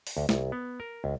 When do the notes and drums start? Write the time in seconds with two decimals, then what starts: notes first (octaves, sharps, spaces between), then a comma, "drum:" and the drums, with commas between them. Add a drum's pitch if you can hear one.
0.07 drum: open hi-hat
0.17 D2
0.29 C2, drum: snare
0.52 B3
0.80 A#4
1.04 C#2